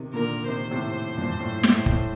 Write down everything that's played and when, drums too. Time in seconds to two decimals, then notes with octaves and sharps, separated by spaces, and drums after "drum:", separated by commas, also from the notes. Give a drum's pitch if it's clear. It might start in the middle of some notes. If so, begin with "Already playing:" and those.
Already playing: C3 D#3
0.13 A#2 D3 A#4
0.48 C3 D#3 C5
0.71 A2 C3
1.17 G2 A#2
1.29 G2
1.40 A2
1.64 A2, drum: snare
1.86 A2, drum: kick